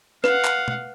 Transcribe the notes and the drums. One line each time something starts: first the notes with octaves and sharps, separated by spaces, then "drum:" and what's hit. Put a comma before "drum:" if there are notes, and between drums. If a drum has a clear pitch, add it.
B4 F5 F#5, drum: snare
drum: clap
drum: tom B2